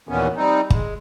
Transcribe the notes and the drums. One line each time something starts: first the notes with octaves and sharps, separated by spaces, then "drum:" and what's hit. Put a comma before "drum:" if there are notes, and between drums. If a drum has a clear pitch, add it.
D#2 A#2 D#3 E3 B3 C#4
G3 C4 D#4
G#3, drum: kick